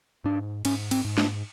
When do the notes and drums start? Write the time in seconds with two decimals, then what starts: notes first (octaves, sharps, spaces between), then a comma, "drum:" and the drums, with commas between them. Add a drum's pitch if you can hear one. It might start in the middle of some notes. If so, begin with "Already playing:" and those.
0.24 G#2 D4
0.65 G#2 C#4, drum: cymbal
0.91 C4, drum: cymbal
1.05 G#2
1.18 D4, drum: snare